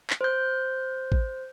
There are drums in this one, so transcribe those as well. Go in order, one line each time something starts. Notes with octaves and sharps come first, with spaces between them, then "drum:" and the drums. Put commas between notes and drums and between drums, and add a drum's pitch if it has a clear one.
drum: clap
C5 G6
drum: kick